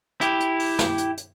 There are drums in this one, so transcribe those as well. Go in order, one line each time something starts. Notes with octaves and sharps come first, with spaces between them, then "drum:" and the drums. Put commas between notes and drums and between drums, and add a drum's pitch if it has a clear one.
E4 G4, drum: hi-hat
drum: hi-hat
drum: open hi-hat
drum: snare
drum: hi-hat
drum: hi-hat